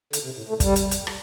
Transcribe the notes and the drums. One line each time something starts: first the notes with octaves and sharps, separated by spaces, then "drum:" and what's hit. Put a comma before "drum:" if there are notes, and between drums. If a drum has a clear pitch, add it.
D3, drum: hi-hat
C3
A2
A3
G3, drum: kick, hi-hat
drum: hi-hat
drum: hi-hat
drum: rim click